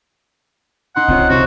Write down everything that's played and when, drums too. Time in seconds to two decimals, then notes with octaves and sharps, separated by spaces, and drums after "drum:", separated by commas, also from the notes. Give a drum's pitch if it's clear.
0.96 D#4 F#5 C6
1.08 C4 F4 C#5, drum: kick C2
1.30 C2 F#4 E7